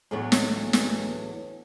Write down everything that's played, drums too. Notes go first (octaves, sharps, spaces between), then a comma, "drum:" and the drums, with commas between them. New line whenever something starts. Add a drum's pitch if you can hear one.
E2 A2 F#3 B3 D4 F#4
drum: snare
drum: snare